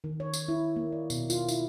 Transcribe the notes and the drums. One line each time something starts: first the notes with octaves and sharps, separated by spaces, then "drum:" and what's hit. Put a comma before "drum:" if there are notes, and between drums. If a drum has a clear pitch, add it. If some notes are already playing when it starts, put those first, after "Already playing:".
D#3
C#5
drum: tambourine
E4
A#3
D5
B2, drum: tambourine
F4, drum: tambourine
E4, drum: tambourine